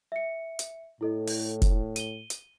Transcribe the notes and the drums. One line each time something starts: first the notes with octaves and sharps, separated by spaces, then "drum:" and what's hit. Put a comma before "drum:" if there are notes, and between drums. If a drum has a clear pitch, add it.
E5 C#7
drum: hi-hat
A2 E4 A4 D#5
drum: open hi-hat
drum: kick F1, hi-hat
D#7 G7, drum: hi-hat
drum: hi-hat